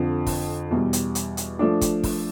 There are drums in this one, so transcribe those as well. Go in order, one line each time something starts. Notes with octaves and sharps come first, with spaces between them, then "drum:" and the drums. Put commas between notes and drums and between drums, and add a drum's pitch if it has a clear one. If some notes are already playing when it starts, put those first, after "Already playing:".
Already playing: F2 D3 F3
drum: kick, open hi-hat
E2 B2 G3
drum: hi-hat
drum: hi-hat
drum: hi-hat
F3 A3 D4
drum: kick, hi-hat
drum: kick, open hi-hat